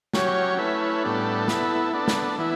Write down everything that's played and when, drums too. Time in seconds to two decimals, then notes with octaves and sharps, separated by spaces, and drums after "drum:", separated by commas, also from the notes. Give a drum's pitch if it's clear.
0.14 F#3 C#4 G4 C#5, drum: snare
0.58 A3 C#4 E4 B4
1.03 A2 G3 B3 D4 A4
1.48 B3 E4 A4, drum: snare
1.93 B3 D4 A4
2.08 drum: snare
2.38 E3 B3 E4